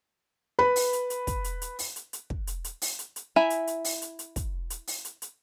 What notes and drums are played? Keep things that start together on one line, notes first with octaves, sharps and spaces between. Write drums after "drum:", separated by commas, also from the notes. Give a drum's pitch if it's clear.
B4 B5
drum: open hi-hat
drum: hi-hat
drum: hi-hat
drum: kick, hi-hat
drum: hi-hat
drum: hi-hat
drum: open hi-hat
drum: hi-hat
drum: hi-hat
drum: kick
drum: hi-hat
drum: hi-hat
drum: open hi-hat
drum: hi-hat
drum: hi-hat
E4 E5 G#5 A#5
drum: hi-hat
drum: hi-hat
drum: open hi-hat
drum: hi-hat
drum: hi-hat
drum: kick, hi-hat
drum: hi-hat
drum: open hi-hat
drum: hi-hat
drum: hi-hat